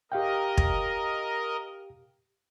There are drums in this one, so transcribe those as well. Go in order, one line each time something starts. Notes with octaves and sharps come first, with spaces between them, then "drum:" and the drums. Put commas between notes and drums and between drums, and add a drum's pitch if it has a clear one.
G4 A#4 D#5 F5 G5
drum: kick